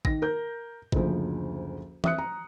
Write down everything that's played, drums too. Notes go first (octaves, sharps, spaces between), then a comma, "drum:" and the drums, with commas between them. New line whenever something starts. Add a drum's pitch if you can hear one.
D#3 A#6, drum: kick A1
A#4 G6
F#1 D2 F3, drum: kick A1
E5 D#6 F#6 C#7, drum: tom E3
A#5